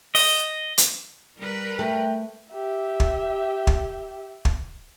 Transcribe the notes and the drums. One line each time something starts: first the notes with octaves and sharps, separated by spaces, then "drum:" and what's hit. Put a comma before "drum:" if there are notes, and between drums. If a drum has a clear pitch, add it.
D#5, drum: open hi-hat
drum: hi-hat
G3 A#4 B4
A3 G5
G4 E5
drum: kick
drum: kick
drum: kick